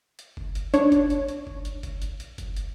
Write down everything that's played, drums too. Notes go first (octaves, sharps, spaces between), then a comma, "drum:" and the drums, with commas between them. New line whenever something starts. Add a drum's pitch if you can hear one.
drum: hi-hat
drum: kick F#1
drum: hi-hat
D4 C#5, drum: hi-hat
drum: kick F#1, hi-hat
drum: hi-hat
drum: hi-hat
drum: kick F#1
drum: hi-hat
drum: kick F#1, hi-hat
drum: hi-hat
drum: hi-hat
drum: kick F#1, hi-hat
drum: hi-hat